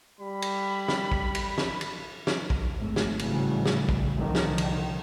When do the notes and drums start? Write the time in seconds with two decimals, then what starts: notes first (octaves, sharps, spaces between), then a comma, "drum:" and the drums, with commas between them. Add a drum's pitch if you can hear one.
0.20 G3 B5
0.42 drum: cymbal
0.88 drum: snare
1.12 drum: kick
1.35 drum: cymbal
1.58 drum: snare
1.81 drum: cymbal
2.27 drum: snare
2.50 drum: kick
2.78 G#1 A3
2.96 drum: snare
3.19 A2 C#3 E3 F#3 G3, drum: cymbal
3.66 drum: snare
3.89 drum: kick
4.16 C2 D3 D#3 F3
4.35 drum: snare
4.58 drum: cymbal